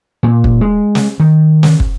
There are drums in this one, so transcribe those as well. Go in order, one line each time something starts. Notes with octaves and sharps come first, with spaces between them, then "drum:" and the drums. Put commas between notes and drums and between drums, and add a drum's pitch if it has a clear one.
A#2
drum: kick
G#3
drum: snare
D#3
drum: snare
drum: kick